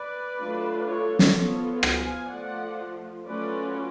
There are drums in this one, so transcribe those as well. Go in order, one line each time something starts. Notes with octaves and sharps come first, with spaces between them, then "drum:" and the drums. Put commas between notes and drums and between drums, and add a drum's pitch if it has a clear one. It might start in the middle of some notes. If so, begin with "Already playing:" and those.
Already playing: B4 D5
F#3 A3 D4 F4
A4 C#5
drum: snare
F3 B3 F4 A4 C#5
F5 G#5, drum: rim click
F3 A3 F4 D5 F#5
F#3 A3 C#4 F4 B4 D5